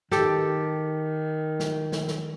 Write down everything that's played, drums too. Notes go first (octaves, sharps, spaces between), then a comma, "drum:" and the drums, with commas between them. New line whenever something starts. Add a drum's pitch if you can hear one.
D#3 G4 A4, drum: snare
drum: snare
drum: snare
drum: snare